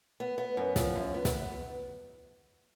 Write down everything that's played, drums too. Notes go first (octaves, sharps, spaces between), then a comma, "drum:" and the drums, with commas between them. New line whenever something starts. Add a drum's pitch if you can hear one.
B3
B3
F#2
F3, drum: snare
F#2
B3
drum: snare